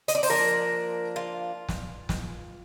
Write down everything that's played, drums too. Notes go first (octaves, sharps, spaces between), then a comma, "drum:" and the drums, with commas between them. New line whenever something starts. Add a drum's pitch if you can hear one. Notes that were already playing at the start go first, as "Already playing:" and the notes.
D#5, drum: hi-hat
D5
C5, drum: open hi-hat
F3 A#3 D4 A#4
F4
drum: snare
drum: snare